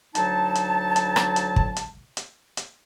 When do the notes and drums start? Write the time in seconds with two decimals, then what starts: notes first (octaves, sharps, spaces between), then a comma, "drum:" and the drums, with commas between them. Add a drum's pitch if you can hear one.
0.15 D2 F#3 D#4 A5, drum: hi-hat
0.55 drum: hi-hat
0.96 drum: hi-hat
1.16 drum: rim click
1.36 drum: hi-hat
1.56 drum: kick
1.76 drum: hi-hat
2.17 drum: hi-hat
2.57 drum: hi-hat